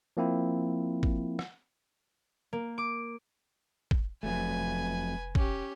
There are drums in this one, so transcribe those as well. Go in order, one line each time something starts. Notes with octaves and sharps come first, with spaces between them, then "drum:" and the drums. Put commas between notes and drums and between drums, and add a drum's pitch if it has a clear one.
F3 A#3 C4 E4
drum: kick
drum: rim click
A#3
D6
drum: kick
F1 F2 F#3 A3 B4 G#5
C#4 G4, drum: kick